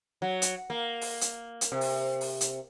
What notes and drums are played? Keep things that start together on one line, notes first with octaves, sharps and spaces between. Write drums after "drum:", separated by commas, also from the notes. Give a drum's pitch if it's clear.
F#3
drum: hi-hat
A#3
drum: open hi-hat
drum: hi-hat
drum: hi-hat
C3
drum: open hi-hat
drum: open hi-hat
drum: hi-hat